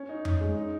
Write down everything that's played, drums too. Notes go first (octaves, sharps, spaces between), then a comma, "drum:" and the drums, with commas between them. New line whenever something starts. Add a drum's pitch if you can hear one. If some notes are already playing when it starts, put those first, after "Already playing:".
Already playing: C#4
D#4
D#4, drum: tom F2
G#3
D#4